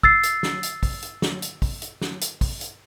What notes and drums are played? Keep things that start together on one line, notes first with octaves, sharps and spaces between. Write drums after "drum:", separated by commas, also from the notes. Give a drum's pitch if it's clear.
E6 A6 C7, drum: kick
drum: hi-hat
drum: snare
drum: hi-hat
drum: kick, open hi-hat
drum: hi-hat
drum: snare
drum: hi-hat
drum: kick, open hi-hat
drum: hi-hat
drum: snare
drum: hi-hat
drum: kick, open hi-hat
drum: hi-hat